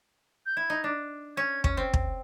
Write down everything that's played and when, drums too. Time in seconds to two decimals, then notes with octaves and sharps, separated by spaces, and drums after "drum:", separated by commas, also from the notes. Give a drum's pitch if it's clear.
0.46 G6
0.57 E4 G#6
0.70 D#4
0.84 D4
1.37 C#4 G#6
1.64 C#4, drum: kick
1.77 C4
1.94 drum: kick